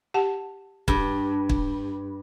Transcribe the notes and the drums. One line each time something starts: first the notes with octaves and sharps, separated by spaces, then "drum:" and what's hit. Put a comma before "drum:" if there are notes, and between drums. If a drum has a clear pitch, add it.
G4 F#5 A5
G2, drum: kick
drum: kick